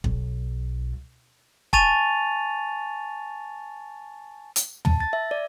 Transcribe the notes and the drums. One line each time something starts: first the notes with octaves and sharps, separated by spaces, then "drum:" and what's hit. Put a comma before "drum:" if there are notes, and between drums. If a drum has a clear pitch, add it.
B1, drum: kick
G#5 A5 C#6 A6 D#7 F7, drum: kick
drum: hi-hat
A5, drum: tom
A6
E5
D5